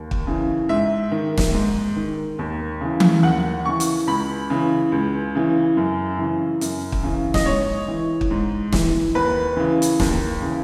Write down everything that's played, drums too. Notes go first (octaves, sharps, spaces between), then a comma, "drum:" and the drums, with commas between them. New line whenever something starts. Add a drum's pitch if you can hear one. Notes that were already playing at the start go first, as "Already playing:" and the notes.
Already playing: D#2
drum: kick
C#3 E3
G#2 E5
D#3
drum: snare
G#2
D#3
D#2
C#3 E3
drum: tom E3
D#2 F#5
C#3 E3 C#6
drum: hi-hat
C#2 B5
C#3 E3
C#2
C#3 E3
F#2
C#3 E3
F#2, drum: hi-hat
drum: kick
C#3 E3
D#5, drum: snare
G#2 C#5
E3
drum: kick
G#2
E3, drum: snare
D#2 B4
C#3 E3
drum: hi-hat
D#2, drum: snare
C#3 E3